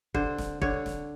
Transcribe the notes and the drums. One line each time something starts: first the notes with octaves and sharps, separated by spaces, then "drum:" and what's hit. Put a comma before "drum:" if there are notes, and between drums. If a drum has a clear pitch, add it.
D3 C5, drum: kick
drum: snare
D3 C#5, drum: kick
drum: snare